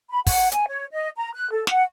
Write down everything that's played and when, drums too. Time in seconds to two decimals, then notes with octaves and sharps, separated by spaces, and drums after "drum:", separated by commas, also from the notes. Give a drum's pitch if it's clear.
0.11 B5
0.27 F#5, drum: kick, open hi-hat
0.52 G#5, drum: hi-hat
0.70 C#5
0.93 D#5
1.17 A#5
1.34 F#6
1.52 A4
1.67 F#5, drum: snare